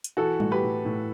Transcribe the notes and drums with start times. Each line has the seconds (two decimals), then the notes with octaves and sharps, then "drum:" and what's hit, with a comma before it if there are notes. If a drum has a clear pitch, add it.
0.04 drum: hi-hat
0.17 E3 F#4 A4
0.40 A2, drum: tom G3
0.51 G4 B4
0.63 A2
0.85 A2